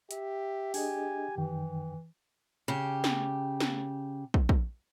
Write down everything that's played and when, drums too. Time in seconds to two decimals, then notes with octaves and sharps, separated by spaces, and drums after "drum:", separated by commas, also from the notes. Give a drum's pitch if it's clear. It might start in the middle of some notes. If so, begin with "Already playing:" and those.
0.11 G4 E5, drum: hi-hat
0.74 D4 G#4 D#5 G#5, drum: open hi-hat
1.37 F#2 D#3 E3 G5
2.68 C#3 G4
3.04 drum: snare
3.60 drum: snare
4.34 drum: kick
4.49 drum: kick